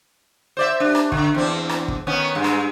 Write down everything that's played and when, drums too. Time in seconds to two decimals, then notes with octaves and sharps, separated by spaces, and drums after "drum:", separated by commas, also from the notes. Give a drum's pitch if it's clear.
0.57 C5 D5 E5
0.80 D4 G4
0.95 drum: rim click
1.12 D3, drum: kick
1.34 E2 C4 D4
1.69 drum: rim click
1.88 drum: kick
2.07 D#3 B3 C#4
2.35 G2 G#3
2.44 drum: rim click